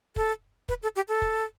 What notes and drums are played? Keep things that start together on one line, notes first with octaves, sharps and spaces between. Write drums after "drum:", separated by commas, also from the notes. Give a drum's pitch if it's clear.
A4, drum: kick
B4, drum: kick
A4
G4
A4
drum: kick